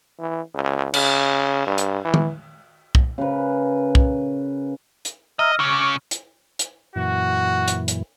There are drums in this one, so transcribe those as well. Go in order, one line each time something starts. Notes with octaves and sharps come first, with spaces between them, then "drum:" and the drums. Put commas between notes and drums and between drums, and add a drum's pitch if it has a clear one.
E3
C#2
C#3, drum: cymbal
G2
drum: hi-hat
E3
drum: tom D#3
drum: kick
C#3 A#4 B4
drum: kick
drum: hi-hat
D#5 E5 A#5 E6 F6 A#6
C#2 C#3 C#6 D6
drum: hi-hat
drum: hi-hat
F#2 A#2 E3 F#4
drum: hi-hat
drum: hi-hat